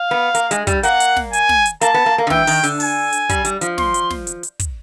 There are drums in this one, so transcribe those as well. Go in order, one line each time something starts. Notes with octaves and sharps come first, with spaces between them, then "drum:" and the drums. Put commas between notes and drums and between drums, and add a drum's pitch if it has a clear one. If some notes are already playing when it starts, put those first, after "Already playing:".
Already playing: F5
B3
A#3, drum: hi-hat
G#3, drum: hi-hat
G3, drum: kick, hi-hat
A#3 F#5, drum: hi-hat
drum: hi-hat
drum: snare
G#5, drum: hi-hat
drum: snare
drum: hi-hat
A#3 A5, drum: hi-hat
B3
A#3
A#3
D#3
E3 G5, drum: snare
D#3, drum: open hi-hat
D3, drum: hi-hat
G#5, drum: open hi-hat
drum: hi-hat
G3, drum: kick, hi-hat
G3, drum: hi-hat
F3, drum: hi-hat
C6, drum: snare
drum: hi-hat
drum: snare
drum: hi-hat
drum: hi-hat
drum: kick, hi-hat